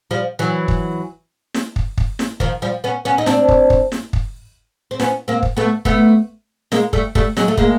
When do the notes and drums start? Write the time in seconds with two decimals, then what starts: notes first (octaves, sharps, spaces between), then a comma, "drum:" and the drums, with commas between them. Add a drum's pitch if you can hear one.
0.11 F3 G3
0.39 E3 F#3
0.68 drum: kick
1.54 drum: snare
1.76 drum: kick
1.98 drum: kick
2.19 drum: snare
2.40 D#3 F3, drum: kick
2.62 F3 G3
2.84 B3 C#4
3.05 B3 C#4
3.18 D#4
3.26 C4 D4, drum: snare
3.48 drum: kick
3.70 drum: kick
3.92 drum: snare
4.13 drum: kick
4.91 C4
5.00 B3 C#4, drum: snare
5.28 A#3 C4
5.43 drum: kick
5.57 A3 B3
5.85 A3 B3, drum: kick
6.72 G#3 A#3, drum: snare
6.93 G3 A3, drum: kick
7.15 G3 A3, drum: kick
7.37 F#3 G#3, drum: snare
7.48 A3
7.58 G#3 A#3, drum: kick